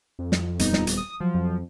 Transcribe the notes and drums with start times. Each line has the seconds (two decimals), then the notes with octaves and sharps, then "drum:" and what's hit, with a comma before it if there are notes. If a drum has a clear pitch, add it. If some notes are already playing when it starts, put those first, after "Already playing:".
0.19 F2
0.32 drum: snare
0.59 D#1 G3 B3 D#4, drum: hi-hat
0.73 drum: snare
0.87 drum: hi-hat
0.97 D#6
1.20 F3 F#3
1.35 F2